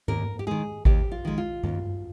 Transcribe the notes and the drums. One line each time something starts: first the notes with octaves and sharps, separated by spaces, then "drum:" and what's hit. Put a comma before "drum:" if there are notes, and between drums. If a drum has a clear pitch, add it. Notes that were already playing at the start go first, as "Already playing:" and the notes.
D#2 A#4, drum: tom G#2
G4
D#3 G#3 G#4
D#2 G4, drum: kick G#1
F4
D#3 G#3
F4
D#2, drum: tom G2